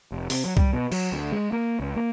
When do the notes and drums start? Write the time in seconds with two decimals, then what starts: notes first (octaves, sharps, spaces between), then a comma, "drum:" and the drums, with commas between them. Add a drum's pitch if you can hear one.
0.12 F1
0.30 C3, drum: open hi-hat
0.46 F#3
0.57 G3, drum: kick C2
0.73 B2
0.92 F#3, drum: cymbal
1.12 D2
1.32 G#3
1.52 A#3
1.80 C#2
1.96 A#3